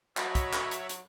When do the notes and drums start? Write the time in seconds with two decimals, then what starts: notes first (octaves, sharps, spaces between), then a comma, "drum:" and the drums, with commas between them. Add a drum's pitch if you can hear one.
0.17 F#3 F#4 C#5 D#5 E5 B5, drum: clap
0.35 drum: kick, hi-hat
0.53 drum: clap
0.71 drum: hi-hat
0.89 drum: hi-hat